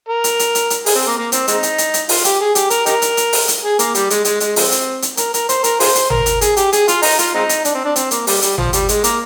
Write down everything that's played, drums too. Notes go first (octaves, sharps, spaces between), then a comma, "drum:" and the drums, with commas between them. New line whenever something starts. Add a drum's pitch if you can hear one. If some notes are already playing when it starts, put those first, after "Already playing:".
A#4
drum: hi-hat
drum: hi-hat
drum: hi-hat
drum: hi-hat
G#4, drum: open hi-hat
C4
A#3
A#3
C4, drum: hi-hat
G#3 C4 D#4, drum: hi-hat
drum: hi-hat
drum: hi-hat
drum: hi-hat
F4, drum: open hi-hat
G4, drum: hi-hat
G#4
G4, drum: hi-hat
A#4, drum: hi-hat
D#4 G4 A#4, drum: hi-hat
drum: hi-hat
drum: hi-hat
drum: open hi-hat
drum: hi-hat
G#4
A#3, drum: hi-hat
G3, drum: hi-hat
G#3, drum: hi-hat
G#3, drum: hi-hat
G#3, drum: hi-hat
F3 G#3 C4, drum: open hi-hat
drum: hi-hat
drum: hi-hat
A#4, drum: hi-hat
A#4, drum: hi-hat
C5, drum: hi-hat
A#4, drum: hi-hat
F4 G#4 C5, drum: open hi-hat
drum: hi-hat
A#4, drum: tom G#1
drum: hi-hat
G#4, drum: hi-hat
G4, drum: hi-hat
G#4, drum: hi-hat
F4, drum: hi-hat
D#4, drum: open hi-hat
F4, drum: hi-hat
G#3 C4 D#4
drum: hi-hat
D4, drum: hi-hat
C4
D4
C4, drum: hi-hat
A#3, drum: hi-hat
G3, drum: open hi-hat
G3, drum: hi-hat
F3, drum: tom G#1
G3, drum: hi-hat
G#3, drum: hi-hat
A#3, drum: hi-hat